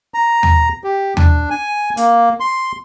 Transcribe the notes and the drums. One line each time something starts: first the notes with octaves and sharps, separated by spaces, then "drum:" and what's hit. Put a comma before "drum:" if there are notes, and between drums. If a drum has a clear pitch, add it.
A#5
drum: tom
G4
D4, drum: tom
G#5
A#3, drum: hi-hat
C6